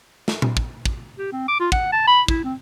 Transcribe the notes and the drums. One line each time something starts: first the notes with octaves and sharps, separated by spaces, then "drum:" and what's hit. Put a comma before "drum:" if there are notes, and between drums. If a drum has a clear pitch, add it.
drum: snare
drum: tom A#2
drum: kick
drum: kick
G4
C4
D6
F4
F#5, drum: kick
A5
B5
E4, drum: kick
C4